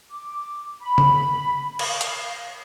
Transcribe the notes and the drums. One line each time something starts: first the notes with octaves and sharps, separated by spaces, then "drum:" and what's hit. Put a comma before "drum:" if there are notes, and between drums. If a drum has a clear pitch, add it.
D6
B5
drum: tom C#3
F5, drum: cymbal
drum: hi-hat